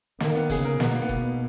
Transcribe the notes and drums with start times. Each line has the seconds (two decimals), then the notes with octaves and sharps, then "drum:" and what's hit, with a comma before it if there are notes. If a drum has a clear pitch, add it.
0.20 D#3 A#3, drum: snare
0.35 B3
0.50 C#3 G#4, drum: kick F#1, hi-hat
0.65 A#4
0.80 B2 B3, drum: snare
0.91 A#3
1.02 B3
1.09 B2, drum: kick F#1